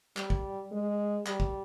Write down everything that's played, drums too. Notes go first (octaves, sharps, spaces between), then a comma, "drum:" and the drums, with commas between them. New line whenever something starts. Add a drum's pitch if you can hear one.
G3, drum: clap
drum: kick
G#3
G3, drum: clap
drum: kick